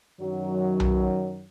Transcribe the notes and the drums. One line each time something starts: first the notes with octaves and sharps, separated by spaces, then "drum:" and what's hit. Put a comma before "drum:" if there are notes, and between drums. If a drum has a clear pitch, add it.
F#2 D#3 F#3
drum: tom B1